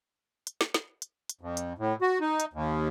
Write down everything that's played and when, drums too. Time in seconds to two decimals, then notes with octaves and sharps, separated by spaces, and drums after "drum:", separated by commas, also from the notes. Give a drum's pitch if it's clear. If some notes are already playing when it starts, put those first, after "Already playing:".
0.47 drum: hi-hat
0.61 drum: snare
0.74 drum: snare
1.02 drum: hi-hat
1.30 drum: hi-hat
1.41 F2
1.57 drum: hi-hat
1.78 A2
2.01 F#4
2.20 D#4
2.40 drum: hi-hat
2.53 D#2